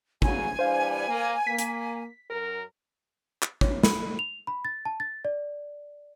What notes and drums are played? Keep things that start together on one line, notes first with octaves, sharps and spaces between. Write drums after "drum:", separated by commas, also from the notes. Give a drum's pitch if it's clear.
G2 C#3 F#3 G#5, drum: kick
E3 G3 D4 C5 F5
A#3
A#3 B6
drum: hi-hat
F#2 A#4
drum: clap
C#5, drum: kick
B5, drum: snare
F7
B5
A6
A5
A6
D5